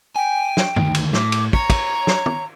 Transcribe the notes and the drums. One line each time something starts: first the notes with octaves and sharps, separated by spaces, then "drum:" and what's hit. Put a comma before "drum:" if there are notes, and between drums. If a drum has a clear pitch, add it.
G5 G#5
drum: snare
D2 D#3, drum: tom
drum: cymbal
A2 D6, drum: snare
drum: cymbal
C#5 A#5, drum: kick
drum: kick, cymbal
drum: snare
drum: tom